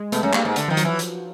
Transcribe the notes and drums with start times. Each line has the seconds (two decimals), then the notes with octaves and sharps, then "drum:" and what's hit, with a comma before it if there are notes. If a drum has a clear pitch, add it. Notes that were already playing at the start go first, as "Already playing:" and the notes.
Already playing: G#3
0.12 B2 A3, drum: hi-hat
0.23 F#2
0.33 G2 A#3, drum: clap
0.45 G#2
0.56 D3 A3, drum: hi-hat
0.68 D#3 F3
0.77 F#3, drum: hi-hat
0.85 E3
0.99 drum: hi-hat